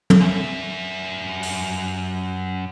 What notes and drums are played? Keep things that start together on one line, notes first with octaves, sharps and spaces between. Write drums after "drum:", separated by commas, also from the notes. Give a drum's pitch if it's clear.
drum: tom
F#2 E5
drum: open hi-hat